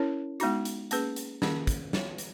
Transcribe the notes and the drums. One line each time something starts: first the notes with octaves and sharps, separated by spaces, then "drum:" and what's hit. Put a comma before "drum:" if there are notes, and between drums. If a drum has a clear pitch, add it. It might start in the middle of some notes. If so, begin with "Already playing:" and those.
Already playing: C#4 E4 A#4 C#5
G#3 B3 D#4 F#4, drum: hi-hat
drum: hi-hat
A#3 C#4 G#4 B4, drum: hi-hat
drum: hi-hat
D#3 A#3 C#4 G#4, drum: snare
drum: kick, hi-hat
B3 F#4 C#5, drum: snare
drum: hi-hat